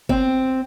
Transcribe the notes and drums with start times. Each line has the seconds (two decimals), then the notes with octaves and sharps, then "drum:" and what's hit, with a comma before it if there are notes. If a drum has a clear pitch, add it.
0.09 C4, drum: kick F#1